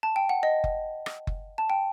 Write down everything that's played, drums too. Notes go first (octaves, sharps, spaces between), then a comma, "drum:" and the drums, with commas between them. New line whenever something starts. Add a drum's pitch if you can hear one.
A5
G5
F#5
D#5
drum: kick F#1
drum: rim click
drum: kick F#1
A5
G5